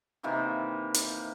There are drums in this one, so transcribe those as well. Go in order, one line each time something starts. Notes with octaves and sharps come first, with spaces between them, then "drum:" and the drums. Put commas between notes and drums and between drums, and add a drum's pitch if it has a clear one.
C3 D#3 E3 A#3
drum: hi-hat